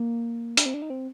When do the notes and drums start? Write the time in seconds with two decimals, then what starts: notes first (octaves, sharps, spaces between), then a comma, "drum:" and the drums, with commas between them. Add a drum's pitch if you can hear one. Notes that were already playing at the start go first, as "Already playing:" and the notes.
Already playing: A#3
0.57 D4, drum: hi-hat
0.66 C4
0.74 D4
0.82 D#4
0.90 C4